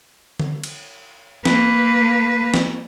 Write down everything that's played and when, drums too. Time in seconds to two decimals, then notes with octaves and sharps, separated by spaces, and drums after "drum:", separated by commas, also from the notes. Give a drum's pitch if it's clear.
0.40 drum: tom D3
0.64 drum: cymbal
1.45 A#3 B4, drum: snare
2.54 drum: snare